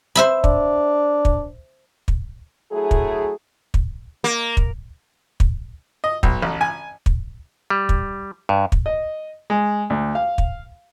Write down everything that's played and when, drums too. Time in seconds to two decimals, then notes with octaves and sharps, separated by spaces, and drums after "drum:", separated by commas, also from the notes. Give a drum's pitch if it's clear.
0.15 C5 E5 B5
0.44 D4, drum: kick
1.25 drum: kick
2.08 drum: kick
2.72 F#3 A3 E4 G#4
2.91 drum: kick
3.74 drum: kick
4.24 A#3
4.57 drum: kick
5.40 drum: kick
6.04 D#5
6.23 B1, drum: kick
6.42 A1
6.61 G#5
7.06 drum: kick
7.70 G3
7.89 drum: kick
8.49 G2
8.72 drum: kick
8.86 D#5
9.50 G#3
9.90 D2
10.15 F5
10.38 drum: kick